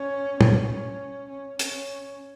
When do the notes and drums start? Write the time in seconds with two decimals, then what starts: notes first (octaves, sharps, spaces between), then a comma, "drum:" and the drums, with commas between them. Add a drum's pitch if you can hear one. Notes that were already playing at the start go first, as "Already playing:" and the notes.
Already playing: C#4
0.41 C#4, drum: tom
1.29 C#4
1.59 C#4, drum: hi-hat